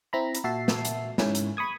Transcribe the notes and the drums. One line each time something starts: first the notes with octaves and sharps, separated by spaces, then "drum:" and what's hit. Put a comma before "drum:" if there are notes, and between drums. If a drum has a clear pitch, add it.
C4 E4 A#5 B5
drum: hi-hat
A#2 F#4 E5 A5 C7
drum: snare
drum: hi-hat
G#2 C#4 E4, drum: snare
drum: hi-hat
B5 C#6 D#6 G#6